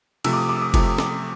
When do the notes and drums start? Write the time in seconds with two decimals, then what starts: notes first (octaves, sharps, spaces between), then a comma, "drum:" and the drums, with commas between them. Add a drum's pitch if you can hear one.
0.24 C3 F3 A3 E6, drum: cymbal
0.33 D6
0.37 D#6
0.49 D6
0.56 E6
0.62 D#6
0.74 C3 F3 A3, drum: kick, cymbal
0.98 drum: snare